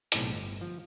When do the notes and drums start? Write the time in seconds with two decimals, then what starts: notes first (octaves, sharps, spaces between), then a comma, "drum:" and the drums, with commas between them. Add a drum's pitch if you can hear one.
0.12 B1 A2 C3 D#4 G#4, drum: hi-hat
0.33 G1
0.61 F3